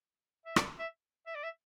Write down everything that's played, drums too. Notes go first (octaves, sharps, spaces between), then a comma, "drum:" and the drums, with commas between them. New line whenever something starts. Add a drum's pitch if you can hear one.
E5
D5, drum: rim click
E5
E5
D5
E5